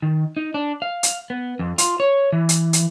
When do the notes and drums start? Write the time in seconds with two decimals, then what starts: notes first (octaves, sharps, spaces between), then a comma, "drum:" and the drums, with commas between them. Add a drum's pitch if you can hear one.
0.02 D#3
0.37 D#4
0.54 D4
0.82 F5
1.03 drum: hi-hat
1.30 B3
1.59 F2
1.78 F4, drum: hi-hat
2.00 C#5
2.33 E3
2.49 drum: hi-hat
2.73 drum: hi-hat